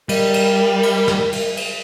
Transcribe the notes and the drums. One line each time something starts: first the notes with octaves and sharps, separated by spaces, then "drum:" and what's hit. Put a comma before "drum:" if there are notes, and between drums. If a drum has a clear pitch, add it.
G3 A#4, drum: cymbal
drum: cymbal
drum: cymbal
drum: snare
drum: cymbal
drum: cymbal